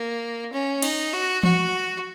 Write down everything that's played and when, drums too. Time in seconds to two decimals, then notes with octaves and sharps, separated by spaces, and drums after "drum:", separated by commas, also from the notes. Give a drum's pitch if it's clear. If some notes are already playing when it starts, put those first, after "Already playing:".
Already playing: A#3
0.53 C#4
0.82 D#4, drum: cymbal
1.13 F#4
1.43 F#4, drum: tom E3